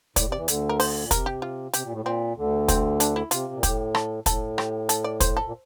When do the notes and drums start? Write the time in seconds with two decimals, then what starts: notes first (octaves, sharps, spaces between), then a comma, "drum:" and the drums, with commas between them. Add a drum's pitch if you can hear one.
0.16 A2 D5, drum: kick, hi-hat
0.27 C3
0.32 D5
0.37 E2 E3
0.48 D2 D3, drum: hi-hat
0.69 A#4
0.80 C5, drum: open hi-hat
1.02 A#2
1.11 C3 A#4, drum: kick, hi-hat
1.26 G4
1.42 F4
1.73 C3 G4, drum: hi-hat
1.84 A#2
1.92 A2
2.01 A#2 C4
2.37 D2 D3
2.68 C4, drum: kick, hi-hat
3.00 D4, drum: hi-hat
3.16 E4
3.31 C3 F4, drum: hi-hat
3.53 A#2
3.63 A2 G4, drum: kick, hi-hat
3.95 A4, drum: rim click
4.26 A2 A4, drum: kick, hi-hat
4.58 G4, drum: rim click
4.89 A4, drum: hi-hat
5.04 D5
5.20 C5, drum: kick, hi-hat
5.37 A4
5.46 A#2